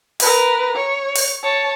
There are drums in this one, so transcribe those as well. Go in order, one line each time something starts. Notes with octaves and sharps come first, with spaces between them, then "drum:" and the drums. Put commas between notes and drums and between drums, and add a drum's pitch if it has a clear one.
A#4 B4, drum: open hi-hat
C#5
drum: open hi-hat
C#5 A5